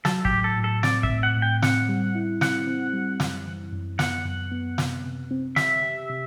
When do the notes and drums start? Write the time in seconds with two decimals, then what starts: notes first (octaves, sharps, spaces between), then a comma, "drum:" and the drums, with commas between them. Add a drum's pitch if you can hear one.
0.05 F#3 A4, drum: snare
0.25 G4, drum: kick
0.31 A2
0.44 A4
0.58 A2
0.64 A4
0.83 C4 D5, drum: snare
1.03 E5, drum: kick
1.10 A2
1.23 F#5
1.36 A2
1.42 G5
1.62 C4 F#5, drum: snare
1.89 G3
2.15 E4
2.41 C4 F#5, drum: snare
2.67 C4
2.93 G3
3.20 F#2, drum: snare
3.46 E3
3.72 F#2
3.99 B3 F#5, drum: snare
4.25 F#2
4.51 B3
4.78 C3, drum: snare
5.04 C3
5.31 C4
5.56 G4 E5, drum: snare
5.83 G4
6.10 C3